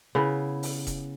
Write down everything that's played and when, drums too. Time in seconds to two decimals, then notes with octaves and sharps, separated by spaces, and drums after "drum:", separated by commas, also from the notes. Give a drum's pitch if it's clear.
0.15 C#3 B3 E4
0.63 drum: open hi-hat
0.87 drum: kick E1, hi-hat